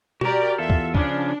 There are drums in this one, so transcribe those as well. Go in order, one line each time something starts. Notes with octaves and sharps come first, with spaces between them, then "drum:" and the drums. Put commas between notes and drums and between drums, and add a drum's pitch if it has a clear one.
F#4 G4 A#4 D5 A#5, drum: tom B2
E2 F4 A4 E5
drum: kick
C#3 F3 C#4 D4, drum: kick